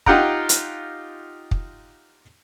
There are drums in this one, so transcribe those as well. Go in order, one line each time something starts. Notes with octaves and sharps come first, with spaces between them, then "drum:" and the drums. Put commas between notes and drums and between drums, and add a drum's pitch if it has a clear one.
D#4 F4 G4 F#5 G5 A#5, drum: kick
drum: hi-hat
drum: kick